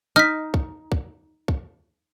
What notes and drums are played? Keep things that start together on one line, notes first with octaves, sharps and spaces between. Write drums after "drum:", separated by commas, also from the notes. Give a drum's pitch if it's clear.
D#4 F6 B6
drum: kick
drum: kick
drum: kick